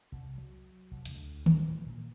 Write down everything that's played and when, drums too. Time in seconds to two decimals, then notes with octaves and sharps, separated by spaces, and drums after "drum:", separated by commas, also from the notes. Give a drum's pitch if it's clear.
0.12 C2
0.38 F#3
0.91 C2
1.05 D2, drum: hi-hat
1.46 drum: tom D#3
1.68 A2
1.87 A#2